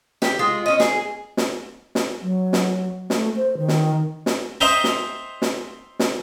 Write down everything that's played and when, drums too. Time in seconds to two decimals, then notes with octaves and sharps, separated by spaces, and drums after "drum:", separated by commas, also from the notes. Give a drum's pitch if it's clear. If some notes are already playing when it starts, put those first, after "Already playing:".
0.22 G4, drum: snare
0.39 G#3 F4
0.66 C#4 D#5
0.80 G#4, drum: snare
1.37 drum: snare
1.95 drum: snare
2.22 F#3
2.53 drum: snare
3.10 A3, drum: snare
3.36 C5
3.57 D#3
3.68 drum: snare
4.26 drum: snare
4.61 C5 D#5 E5 G5 A#5
4.84 drum: snare
5.42 drum: snare
5.99 drum: snare